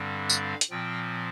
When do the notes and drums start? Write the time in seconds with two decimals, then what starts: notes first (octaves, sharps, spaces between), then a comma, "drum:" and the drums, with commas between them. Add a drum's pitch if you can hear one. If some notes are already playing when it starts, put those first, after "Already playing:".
Already playing: G2 D3 G3 C4
0.30 F5, drum: tambourine
0.61 drum: hi-hat
0.70 A#2 F3 C4 G5